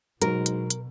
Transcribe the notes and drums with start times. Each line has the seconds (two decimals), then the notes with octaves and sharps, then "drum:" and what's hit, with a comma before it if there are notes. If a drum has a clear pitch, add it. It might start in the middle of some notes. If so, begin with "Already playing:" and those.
0.22 G#2 B2 F#3 A#4, drum: hi-hat
0.46 drum: hi-hat
0.70 drum: hi-hat